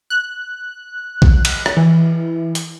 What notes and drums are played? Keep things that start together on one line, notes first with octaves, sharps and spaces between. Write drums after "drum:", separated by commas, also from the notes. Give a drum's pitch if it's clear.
F#6
drum: kick A#1
drum: cymbal
drum: rim click
E3
drum: hi-hat